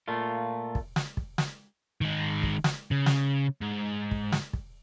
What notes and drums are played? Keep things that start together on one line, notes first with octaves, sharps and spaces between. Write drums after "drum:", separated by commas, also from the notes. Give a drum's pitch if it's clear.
A#2 A3 F4
drum: kick
drum: snare
drum: kick
drum: snare
D#3 G#3
drum: kick
drum: snare
C#3
drum: snare
G#2
drum: kick
drum: snare
drum: kick